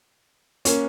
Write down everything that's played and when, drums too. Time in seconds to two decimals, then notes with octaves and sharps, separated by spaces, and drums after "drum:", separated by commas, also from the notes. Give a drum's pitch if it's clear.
0.65 A#3 C#4, drum: hi-hat